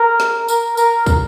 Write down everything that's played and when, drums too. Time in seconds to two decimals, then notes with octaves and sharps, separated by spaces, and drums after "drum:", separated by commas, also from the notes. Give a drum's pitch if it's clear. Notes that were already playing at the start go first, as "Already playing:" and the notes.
Already playing: A#4
0.20 drum: snare
0.48 A#4, drum: tambourine
0.77 A#4, drum: tambourine
1.06 drum: kick, tambourine